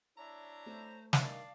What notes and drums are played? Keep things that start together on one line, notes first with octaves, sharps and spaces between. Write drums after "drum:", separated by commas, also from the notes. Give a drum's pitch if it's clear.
D4 E4 C#5 E5 A#5
A3 C5
G2 D#3 D5 F5 A5, drum: snare